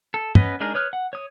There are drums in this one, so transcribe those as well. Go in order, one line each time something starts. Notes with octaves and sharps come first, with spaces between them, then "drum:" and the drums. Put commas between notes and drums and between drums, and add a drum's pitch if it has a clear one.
A4
B3 C#4 B4 D#5, drum: tom
G#3 D4 D#4 G#4 A#4
B4 C#5 D#6 F6 F#6
F#5
C#5 D#6